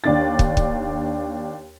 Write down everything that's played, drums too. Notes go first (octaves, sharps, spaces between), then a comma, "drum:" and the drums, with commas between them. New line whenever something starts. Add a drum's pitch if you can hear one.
D#2 D4 A6
drum: kick
drum: kick